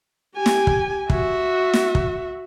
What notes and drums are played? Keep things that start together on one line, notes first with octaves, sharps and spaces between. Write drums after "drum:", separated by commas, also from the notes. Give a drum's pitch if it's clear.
G4 G#5
drum: snare
drum: kick
F#4 E5, drum: kick
drum: snare
drum: kick